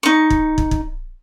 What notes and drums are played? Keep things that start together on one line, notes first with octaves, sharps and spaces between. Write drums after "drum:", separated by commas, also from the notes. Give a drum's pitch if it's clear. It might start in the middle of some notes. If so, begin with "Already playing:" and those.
D#4 C#6
drum: kick
drum: kick
drum: kick